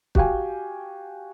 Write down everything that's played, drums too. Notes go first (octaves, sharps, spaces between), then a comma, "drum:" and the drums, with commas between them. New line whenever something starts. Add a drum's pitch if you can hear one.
F#4 G4 F5 G5 G#5, drum: kick